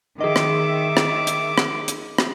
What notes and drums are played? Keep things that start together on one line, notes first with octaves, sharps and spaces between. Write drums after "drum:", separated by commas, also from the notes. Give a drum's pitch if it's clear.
D#3 G#4 D#5 E5 D6
drum: rim click
drum: rim click
drum: hi-hat
drum: rim click
drum: hi-hat
drum: rim click